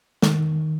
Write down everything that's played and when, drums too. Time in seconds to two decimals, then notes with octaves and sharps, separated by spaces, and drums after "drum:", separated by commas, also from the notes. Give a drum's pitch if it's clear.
0.22 D#3, drum: snare